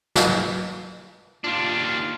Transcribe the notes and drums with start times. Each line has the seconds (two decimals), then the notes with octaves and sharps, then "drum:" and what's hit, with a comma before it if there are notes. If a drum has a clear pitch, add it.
0.16 drum: snare
1.44 D#2 D4 F4